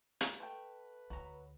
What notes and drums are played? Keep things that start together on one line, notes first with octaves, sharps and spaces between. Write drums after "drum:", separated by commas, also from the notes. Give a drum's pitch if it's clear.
drum: hi-hat
A3 B4 G5
D2 F#3 A#5